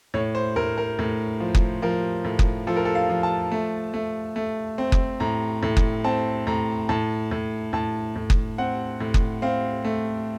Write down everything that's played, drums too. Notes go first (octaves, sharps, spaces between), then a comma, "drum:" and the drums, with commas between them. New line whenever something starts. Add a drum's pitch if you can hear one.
A2 C#5
C5
A2 A#4
A#4
A2
F3
drum: kick F#1
F3 A#4
A2
drum: kick F#1
F3 A4
A#4
A4
F5
F3
A5
A3
A3
A3
C4
drum: kick F#1
A2 A#5
A2
drum: kick F#1
C4 A5
A2 A#5
A2 A5
A2
A2 A5
A2
drum: kick F#1
C4 F#5
A2
drum: kick F#1
C4 F5
A3